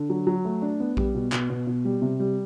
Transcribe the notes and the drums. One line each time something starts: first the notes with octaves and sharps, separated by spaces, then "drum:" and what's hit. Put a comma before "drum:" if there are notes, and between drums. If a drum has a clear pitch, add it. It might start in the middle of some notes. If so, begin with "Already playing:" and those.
Already playing: D3
F#3
F#3
A3
D4
B3
G3, drum: kick A#1
B2
B2, drum: clap
B2
B2
G3
C3
G3